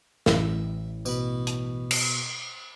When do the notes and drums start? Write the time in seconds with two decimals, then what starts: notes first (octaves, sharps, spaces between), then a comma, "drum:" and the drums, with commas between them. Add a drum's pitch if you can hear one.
0.26 A1 E5, drum: snare
1.06 B2 B5, drum: tambourine
1.47 drum: hi-hat
1.91 drum: cymbal